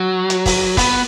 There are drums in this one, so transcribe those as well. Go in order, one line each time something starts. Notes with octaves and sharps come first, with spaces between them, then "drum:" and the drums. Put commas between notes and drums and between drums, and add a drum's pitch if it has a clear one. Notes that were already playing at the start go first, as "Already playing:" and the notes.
Already playing: F#3
drum: hi-hat
drum: kick, open hi-hat
B3, drum: kick, open hi-hat